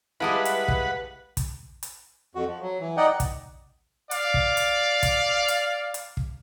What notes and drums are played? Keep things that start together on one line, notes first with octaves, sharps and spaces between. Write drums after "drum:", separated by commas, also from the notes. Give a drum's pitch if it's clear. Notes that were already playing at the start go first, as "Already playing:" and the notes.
G3 G#3 E4 B4 F5 F#5 A5 D#6
drum: hi-hat
drum: kick
drum: kick, hi-hat
drum: hi-hat
F2 F#4
F3
F#3
E3
D#4 D5 D#5 F#5 G5
drum: kick, hi-hat
D5 F5, drum: hi-hat
drum: kick
drum: hi-hat
drum: kick, hi-hat
drum: hi-hat
drum: hi-hat
drum: kick